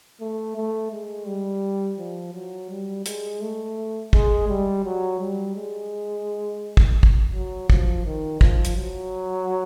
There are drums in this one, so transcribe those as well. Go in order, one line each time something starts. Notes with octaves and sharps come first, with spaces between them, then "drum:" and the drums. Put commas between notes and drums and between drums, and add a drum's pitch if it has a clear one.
A3
A3
G#3
G3
F3
F#3
G3
G#3, drum: hi-hat
A3
G#3, drum: kick
G3
F#3
G3
G#3
drum: kick
drum: kick
F#3
F3, drum: kick
D#3
F3, drum: kick
drum: hi-hat
F#3